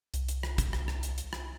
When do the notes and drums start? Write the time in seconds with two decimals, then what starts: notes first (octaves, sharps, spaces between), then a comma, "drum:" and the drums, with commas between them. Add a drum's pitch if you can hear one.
0.14 C2, drum: hi-hat
0.29 drum: hi-hat
0.43 drum: rim click
0.58 drum: kick, hi-hat
0.73 drum: rim click
0.88 drum: rim click
1.03 drum: hi-hat
1.18 drum: hi-hat
1.33 drum: rim click